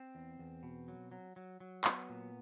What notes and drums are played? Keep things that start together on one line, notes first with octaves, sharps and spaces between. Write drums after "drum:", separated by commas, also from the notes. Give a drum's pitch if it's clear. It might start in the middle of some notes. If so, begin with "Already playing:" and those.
Already playing: C4
E2
E2
B2
F#3
F#3
F#3
F#3
F#3 B3, drum: clap
A#2